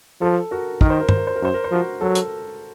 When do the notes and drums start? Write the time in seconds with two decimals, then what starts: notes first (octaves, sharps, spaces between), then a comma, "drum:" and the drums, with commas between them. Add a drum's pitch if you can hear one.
0.21 F3 A4
0.51 F#4 A#4
0.81 D#3 A#4, drum: kick
0.90 C5
1.00 A#4
1.09 C5, drum: tom G2
1.18 A#4
1.27 C5
1.36 A#4
1.42 F#2 C5
1.54 A#4
1.64 C5
1.71 F3 F#4 A#4
2.01 F#3 A4
2.15 drum: hi-hat